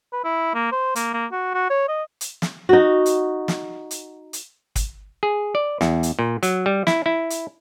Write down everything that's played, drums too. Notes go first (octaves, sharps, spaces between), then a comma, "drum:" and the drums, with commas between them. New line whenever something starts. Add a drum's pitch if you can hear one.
B4
E4
A#3
C5
A#3, drum: hi-hat
A#3
F#4
F#4
C#5
D#5
drum: hi-hat
drum: snare
D#4 F#4
drum: hi-hat
drum: snare
drum: hi-hat
drum: hi-hat
drum: kick, hi-hat
G#4
D5
E2, drum: snare
drum: hi-hat
A#2
F#3, drum: hi-hat
G3
E4, drum: snare
E4
drum: hi-hat